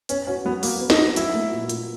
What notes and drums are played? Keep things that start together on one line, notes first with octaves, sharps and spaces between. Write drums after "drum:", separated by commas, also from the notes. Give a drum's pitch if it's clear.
B3 C#4, drum: hi-hat
C#4 F#4
F#3 B3
F#3 A#3, drum: open hi-hat
B3
D#4, drum: snare
F#4
F#3 E4, drum: hi-hat
A#3
A#2
A#2, drum: hi-hat